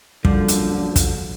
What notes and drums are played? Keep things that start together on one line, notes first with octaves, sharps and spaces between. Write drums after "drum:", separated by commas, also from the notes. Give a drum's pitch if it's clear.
A#1 F#2 D3 F3 G3, drum: kick
drum: hi-hat
drum: kick, hi-hat